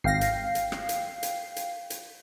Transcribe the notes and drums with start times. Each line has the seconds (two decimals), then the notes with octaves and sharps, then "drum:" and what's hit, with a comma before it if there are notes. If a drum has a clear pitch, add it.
0.04 G#1 F5 G5 A#6 C7
0.21 drum: hi-hat
0.55 drum: hi-hat
0.72 drum: rim click
0.89 drum: hi-hat
1.23 drum: hi-hat
1.56 drum: hi-hat
1.90 drum: hi-hat